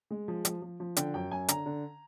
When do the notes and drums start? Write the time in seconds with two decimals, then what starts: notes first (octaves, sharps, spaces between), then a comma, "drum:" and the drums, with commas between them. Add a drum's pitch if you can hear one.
0.11 G#3
0.28 F3
0.45 F3, drum: hi-hat
0.62 F3
0.80 F3
0.96 D3 G5, drum: hi-hat
1.14 F#2 G5
1.31 F#2 G#5
1.48 D3 A#5, drum: hi-hat
1.66 D3